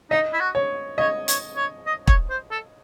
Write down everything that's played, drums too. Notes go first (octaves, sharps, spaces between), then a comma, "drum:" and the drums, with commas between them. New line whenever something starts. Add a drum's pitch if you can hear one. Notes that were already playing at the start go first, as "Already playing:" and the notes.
D#4 D#5
E4
F#4
C#5
C#5 D#5
C#5, drum: hi-hat
C#5
D#5
C#5, drum: kick
C5
A4